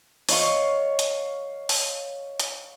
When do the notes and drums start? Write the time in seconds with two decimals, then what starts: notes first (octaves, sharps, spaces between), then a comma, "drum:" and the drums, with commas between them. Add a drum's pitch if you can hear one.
0.29 C#5 D#5 F5 C#6, drum: open hi-hat
0.99 drum: hi-hat
1.69 drum: open hi-hat
2.40 drum: hi-hat